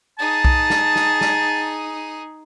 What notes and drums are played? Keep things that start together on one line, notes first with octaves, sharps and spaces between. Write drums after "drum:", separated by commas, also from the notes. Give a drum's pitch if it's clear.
D#4 G#4 A5
drum: kick B1
drum: snare
drum: snare
drum: snare